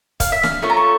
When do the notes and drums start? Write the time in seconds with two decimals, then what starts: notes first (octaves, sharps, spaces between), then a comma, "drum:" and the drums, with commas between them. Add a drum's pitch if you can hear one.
0.20 F5, drum: kick, hi-hat
0.32 E5
0.43 F5, drum: snare
0.62 A3 C#4 F4 A4 C#6
0.70 A#5
0.77 C#6